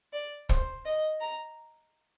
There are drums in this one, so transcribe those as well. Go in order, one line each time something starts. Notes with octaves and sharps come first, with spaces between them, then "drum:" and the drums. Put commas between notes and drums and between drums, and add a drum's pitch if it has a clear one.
D5
C5, drum: kick
D#5
A#5